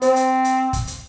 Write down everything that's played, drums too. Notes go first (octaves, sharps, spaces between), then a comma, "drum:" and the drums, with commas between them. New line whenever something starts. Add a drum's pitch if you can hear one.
C4 C5, drum: hi-hat
drum: hi-hat
drum: hi-hat
drum: kick, hi-hat
drum: hi-hat